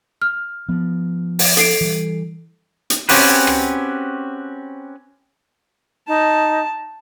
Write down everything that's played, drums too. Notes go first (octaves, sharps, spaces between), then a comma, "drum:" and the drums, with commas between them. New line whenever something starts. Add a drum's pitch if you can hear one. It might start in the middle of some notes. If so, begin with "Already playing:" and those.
F6
F3 B3
drum: open hi-hat
A4 C7 D7, drum: hi-hat
E3 G3
drum: hi-hat
C4 C#4 F#4 G4 B4, drum: open hi-hat
drum: rim click
D#4 A5